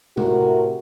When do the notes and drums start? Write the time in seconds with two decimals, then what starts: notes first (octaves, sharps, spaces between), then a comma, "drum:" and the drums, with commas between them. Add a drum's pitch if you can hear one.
0.17 A2 C3 F#4 A#4, drum: tom